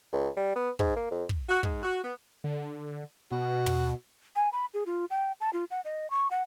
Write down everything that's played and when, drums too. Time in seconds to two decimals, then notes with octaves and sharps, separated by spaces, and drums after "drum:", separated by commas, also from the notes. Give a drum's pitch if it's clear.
0.13 C#2
0.37 G3
0.56 B3
0.79 G#2, drum: kick
0.96 A#3
1.11 F2
1.29 drum: kick
1.49 F#4
1.63 G#2, drum: kick
1.83 F#4
2.04 B3
2.44 D3
3.31 B2 F#4
3.66 drum: tom
4.36 G#5
4.52 B5
4.74 G#4
4.86 F4
5.10 G5
5.40 A5
5.53 F4
5.71 F#5
5.85 D#5
6.10 C#6
6.31 F#5